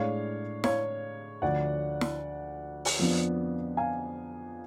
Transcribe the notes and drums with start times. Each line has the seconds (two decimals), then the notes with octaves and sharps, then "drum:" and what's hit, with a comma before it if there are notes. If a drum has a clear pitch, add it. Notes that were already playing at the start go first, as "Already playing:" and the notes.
Already playing: A2 G#3 D4 C#5 F5
0.64 C#5 F5, drum: snare
1.42 D2 D3 F3 D5 F#5
2.01 drum: snare
2.85 drum: open hi-hat
2.99 F2 F3 B3 D4
3.77 F5 G#5